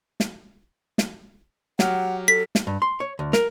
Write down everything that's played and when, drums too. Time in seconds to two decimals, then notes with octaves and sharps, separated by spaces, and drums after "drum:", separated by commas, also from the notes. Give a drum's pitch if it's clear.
0.20 drum: snare
0.98 drum: snare
1.79 F#3 G4 F#5 F6, drum: snare
2.28 A4 B6
2.55 drum: snare
2.67 G2
2.82 C6
3.00 C#5
3.19 D2
3.33 A#4, drum: snare